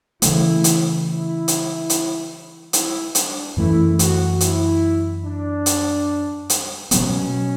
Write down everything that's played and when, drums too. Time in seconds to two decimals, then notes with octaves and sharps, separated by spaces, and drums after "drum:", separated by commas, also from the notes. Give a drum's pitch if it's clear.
0.22 C#3 E3 A3 E4, drum: hi-hat
0.64 drum: hi-hat
1.07 E4
1.48 drum: hi-hat
1.90 drum: hi-hat
2.73 E4, drum: hi-hat
3.15 D4, drum: hi-hat
3.57 F#2 E3 A3 E4
3.99 F#4, drum: hi-hat
4.41 E4, drum: hi-hat
5.24 D4
5.66 drum: hi-hat
6.50 drum: hi-hat
6.91 B2 F#3 B3 C#4, drum: hi-hat